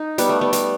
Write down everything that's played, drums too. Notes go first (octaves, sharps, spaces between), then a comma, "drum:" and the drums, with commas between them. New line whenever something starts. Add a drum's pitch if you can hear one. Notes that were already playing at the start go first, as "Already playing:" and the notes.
Already playing: D#4
G3 B3, drum: hi-hat
A3
G3 B3
G3, drum: hi-hat